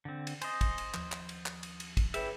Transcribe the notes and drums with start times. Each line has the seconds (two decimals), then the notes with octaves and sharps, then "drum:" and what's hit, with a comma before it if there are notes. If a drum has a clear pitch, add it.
0.05 D3 C4
0.27 drum: cymbal
0.42 C5 D#5 G#5 A6, drum: cymbal
0.61 drum: kick, cymbal
0.78 drum: cymbal
0.94 D#2 F3, drum: clap
1.12 drum: clap
1.29 drum: cymbal
1.46 drum: clap
1.63 drum: cymbal
1.80 drum: cymbal
1.97 drum: kick, cymbal
2.14 E4 G4 G#4 B4 C#5 E5, drum: cymbal